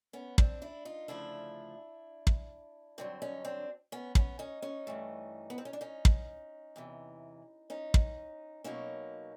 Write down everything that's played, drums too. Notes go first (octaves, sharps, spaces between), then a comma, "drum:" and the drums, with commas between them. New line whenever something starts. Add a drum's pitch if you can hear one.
B3 C#4
C4 D4, drum: kick
D4 E4
D#4 F4
D2 C#3 F3 A3 D4 E4
drum: kick
G2 D3 F#3 C4
C#4 D#4
C4 D4
B3 C#4
B3 C#4, drum: kick
C#4 D#4
C#4 D#4
G2 E3 A3
B3
C4
C#4
D4
C#4 D#4
drum: kick
E2 C3 E3
C#4 D#4
drum: kick
B2 F#3 A#3 C#4 D#4